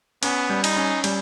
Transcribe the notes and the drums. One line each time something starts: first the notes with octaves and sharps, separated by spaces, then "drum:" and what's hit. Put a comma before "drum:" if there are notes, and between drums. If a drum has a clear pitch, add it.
B3 C#4, drum: cymbal
G3
D#4, drum: cymbal
C#4
G3, drum: cymbal